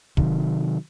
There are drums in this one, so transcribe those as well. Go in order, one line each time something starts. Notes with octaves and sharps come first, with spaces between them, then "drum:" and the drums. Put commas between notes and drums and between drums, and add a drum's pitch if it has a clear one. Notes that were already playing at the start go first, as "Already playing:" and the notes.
C3 D#3 F#3, drum: kick